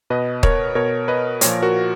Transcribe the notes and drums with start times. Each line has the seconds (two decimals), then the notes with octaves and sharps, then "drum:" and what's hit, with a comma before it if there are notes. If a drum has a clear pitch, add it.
0.10 B2 B4 D#5
0.43 A#4 C#5, drum: kick D#1
0.75 B2 A#4 C#5
1.08 B4 D#5
1.41 A#2 F3 A#4 C#5, drum: hi-hat
1.62 F#4 A#4